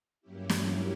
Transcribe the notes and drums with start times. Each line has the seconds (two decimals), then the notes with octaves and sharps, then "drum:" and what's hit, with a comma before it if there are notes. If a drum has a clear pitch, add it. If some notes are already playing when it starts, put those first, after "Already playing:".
0.21 G2 F#3 A#3 C#4 E4 G4
0.50 drum: snare